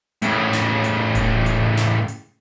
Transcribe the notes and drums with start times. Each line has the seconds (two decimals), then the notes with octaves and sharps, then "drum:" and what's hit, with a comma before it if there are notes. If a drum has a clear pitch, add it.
0.22 A2 C#3, drum: hi-hat
0.53 drum: snare
0.84 drum: hi-hat
1.15 drum: kick D1, hi-hat
1.46 drum: hi-hat
1.77 drum: snare
2.08 drum: hi-hat